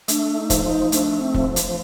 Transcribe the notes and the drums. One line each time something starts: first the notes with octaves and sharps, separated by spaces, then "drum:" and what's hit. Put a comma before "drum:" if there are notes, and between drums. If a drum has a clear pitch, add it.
A3 D4, drum: hi-hat
D#4
F3, drum: kick, hi-hat
D#4
A3 D4, drum: hi-hat
C4
F3, drum: kick
drum: hi-hat